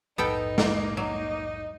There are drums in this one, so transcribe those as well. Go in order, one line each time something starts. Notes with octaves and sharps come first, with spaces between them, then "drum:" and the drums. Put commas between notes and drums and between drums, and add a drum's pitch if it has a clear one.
A#1 E2 G#2 B3 D#4 A4 G5
A#3, drum: snare
F#3 D#4